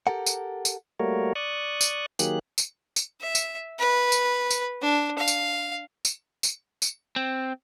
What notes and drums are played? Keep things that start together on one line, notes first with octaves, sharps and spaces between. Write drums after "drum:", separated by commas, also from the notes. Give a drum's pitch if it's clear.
G4 A4 A#4 F#5
drum: tambourine
drum: tambourine
G3 A3 A#3 F#4 A#4 C#5
D5 C#6 D#6 F#6
drum: tambourine
D#3 F#3 A#3 G4 G#4 F#6, drum: tambourine
drum: tambourine
drum: tambourine
E5
drum: tambourine
B4
drum: tambourine
drum: tambourine
D4
F5
drum: tambourine
drum: tambourine
drum: tambourine
drum: tambourine
C4